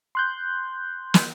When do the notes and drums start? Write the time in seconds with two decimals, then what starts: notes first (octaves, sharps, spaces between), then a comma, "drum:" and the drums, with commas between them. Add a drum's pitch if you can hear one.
0.15 C6 F#6 G6
1.14 drum: snare